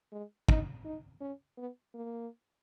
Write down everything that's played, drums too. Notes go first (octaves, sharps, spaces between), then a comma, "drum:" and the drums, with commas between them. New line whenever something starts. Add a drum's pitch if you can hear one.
G#3
D#4, drum: kick
D#4
C#4
B3
A#3